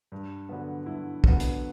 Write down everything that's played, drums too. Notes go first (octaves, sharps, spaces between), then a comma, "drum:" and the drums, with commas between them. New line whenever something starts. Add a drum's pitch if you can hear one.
G2
D3 F#3 B3
G2 E4
D3 F#3 B3, drum: kick
drum: hi-hat